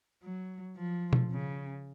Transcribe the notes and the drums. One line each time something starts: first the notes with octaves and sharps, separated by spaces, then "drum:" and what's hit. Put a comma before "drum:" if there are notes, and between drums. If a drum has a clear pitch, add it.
F#3
F3
drum: tom B2
C#3